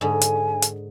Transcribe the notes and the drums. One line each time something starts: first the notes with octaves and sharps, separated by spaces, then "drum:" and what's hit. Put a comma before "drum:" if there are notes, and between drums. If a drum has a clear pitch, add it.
G#2 D3 G#5
drum: hi-hat
drum: hi-hat